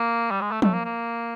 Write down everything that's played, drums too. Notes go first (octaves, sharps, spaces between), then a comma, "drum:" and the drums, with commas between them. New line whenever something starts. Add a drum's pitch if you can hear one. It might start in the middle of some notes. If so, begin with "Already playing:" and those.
Already playing: A#3
G3
G#3
A3
A3, drum: tom F3
A#3
A#3